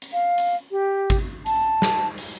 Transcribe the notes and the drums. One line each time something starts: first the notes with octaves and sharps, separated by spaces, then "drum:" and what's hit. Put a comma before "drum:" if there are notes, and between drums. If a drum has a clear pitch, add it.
drum: hi-hat
F5
drum: hi-hat
G4
drum: kick G#1, hi-hat
A5, drum: hi-hat
drum: snare
drum: open hi-hat